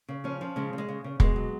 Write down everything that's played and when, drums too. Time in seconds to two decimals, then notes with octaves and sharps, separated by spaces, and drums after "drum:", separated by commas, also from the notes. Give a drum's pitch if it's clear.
0.08 C#3
0.24 F3 C#4
0.41 F3
0.56 C#3 G#3
0.73 C#3
0.78 G#3
0.89 C#3
1.04 C#3
1.20 B2 G#3, drum: kick
1.36 F#3